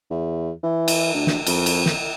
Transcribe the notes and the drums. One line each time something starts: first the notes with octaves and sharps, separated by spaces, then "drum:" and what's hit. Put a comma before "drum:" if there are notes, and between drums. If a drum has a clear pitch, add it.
E2
E3
drum: cymbal
D2
drum: snare
F2, drum: cymbal
drum: cymbal
drum: snare